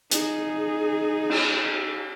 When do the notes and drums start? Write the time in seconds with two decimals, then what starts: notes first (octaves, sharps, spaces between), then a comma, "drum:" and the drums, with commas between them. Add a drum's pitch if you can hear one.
0.11 D#4 G#4, drum: hi-hat
1.30 drum: cymbal